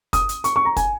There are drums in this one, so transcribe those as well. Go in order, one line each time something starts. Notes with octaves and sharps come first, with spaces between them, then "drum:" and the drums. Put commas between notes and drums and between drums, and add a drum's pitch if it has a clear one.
D#6, drum: kick, hi-hat
drum: hi-hat
C#6, drum: hi-hat
C#6
A#5
G#5, drum: kick, hi-hat